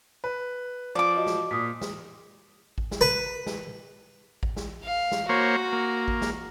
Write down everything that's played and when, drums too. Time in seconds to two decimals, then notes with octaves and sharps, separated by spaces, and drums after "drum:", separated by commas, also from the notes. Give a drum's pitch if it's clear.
0.24 B4
0.95 F3 D5 D6
1.17 F#4 D#5
1.26 drum: snare
1.51 A#2 D#6 B6
1.81 drum: snare
2.78 drum: kick A1
2.91 drum: snare
3.01 B4
3.46 drum: snare
4.43 drum: kick A1
4.56 drum: snare
4.84 F5
5.11 drum: snare
5.29 A#3 F#4 C5 C#5
5.73 A#3
6.08 drum: kick A1
6.22 drum: snare